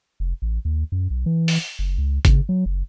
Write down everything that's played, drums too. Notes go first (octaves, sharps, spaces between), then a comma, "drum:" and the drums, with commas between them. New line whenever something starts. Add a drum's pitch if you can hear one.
F1
A1
D#2
F#2
B1
E3
drum: open hi-hat
F#1
C#2
C#3, drum: kick G1, hi-hat
F#3
F#1